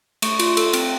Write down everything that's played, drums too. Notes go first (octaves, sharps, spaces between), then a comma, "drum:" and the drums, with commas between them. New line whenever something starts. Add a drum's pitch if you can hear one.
A3 C#6, drum: cymbal
F4, drum: cymbal
A4, drum: cymbal
C4, drum: cymbal